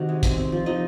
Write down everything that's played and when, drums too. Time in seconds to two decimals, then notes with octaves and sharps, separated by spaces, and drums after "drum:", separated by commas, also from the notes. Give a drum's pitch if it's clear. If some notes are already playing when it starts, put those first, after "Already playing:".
Already playing: C3 D#3 F#4 F#5
0.09 G#3
0.23 C4, drum: kick, hi-hat
0.37 C4
0.52 F3
0.66 F3 D#4 D#5